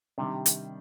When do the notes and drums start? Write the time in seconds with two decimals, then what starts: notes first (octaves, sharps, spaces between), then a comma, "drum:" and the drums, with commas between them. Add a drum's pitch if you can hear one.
0.18 C3 D#3 G3 D4
0.46 drum: hi-hat